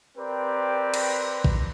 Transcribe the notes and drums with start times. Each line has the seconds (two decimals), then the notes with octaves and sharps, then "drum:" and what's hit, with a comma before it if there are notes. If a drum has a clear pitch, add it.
0.18 C4 G4 A#4 B4 D5
0.94 drum: cymbal
1.44 drum: kick A1